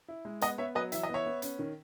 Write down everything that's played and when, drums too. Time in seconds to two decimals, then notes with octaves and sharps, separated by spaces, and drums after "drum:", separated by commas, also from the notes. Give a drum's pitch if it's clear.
0.08 E4
0.25 G#3
0.41 B3 D#5 F#5, drum: hi-hat
0.58 B3 C#5 E5
0.75 F#3 B4 D#5
0.92 E3 E5, drum: hi-hat
1.03 D#5
1.09 B3 C#5 E5
1.26 B3
1.42 C#4, drum: hi-hat
1.59 D#3